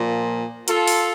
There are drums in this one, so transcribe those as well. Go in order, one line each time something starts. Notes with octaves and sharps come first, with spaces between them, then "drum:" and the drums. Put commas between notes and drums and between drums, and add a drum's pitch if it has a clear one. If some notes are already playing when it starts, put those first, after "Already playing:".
Already playing: A#2 F3
F4 A4, drum: hi-hat
drum: open hi-hat